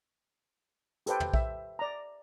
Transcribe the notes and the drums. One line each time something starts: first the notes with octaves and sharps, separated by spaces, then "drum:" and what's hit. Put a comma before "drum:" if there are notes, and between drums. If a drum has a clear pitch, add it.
G4 A4 B4 C5 G5, drum: hi-hat
drum: tom
E5, drum: kick A#1
D5 A#5